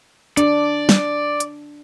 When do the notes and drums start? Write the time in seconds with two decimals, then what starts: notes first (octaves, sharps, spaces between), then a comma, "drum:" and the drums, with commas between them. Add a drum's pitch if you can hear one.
0.37 D4 D5, drum: hi-hat
0.89 drum: snare
1.40 drum: hi-hat